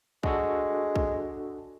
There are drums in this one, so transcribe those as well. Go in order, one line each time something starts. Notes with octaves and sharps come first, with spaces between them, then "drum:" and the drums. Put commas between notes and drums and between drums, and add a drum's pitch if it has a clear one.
G#3 D4 F#4 A4, drum: kick
drum: kick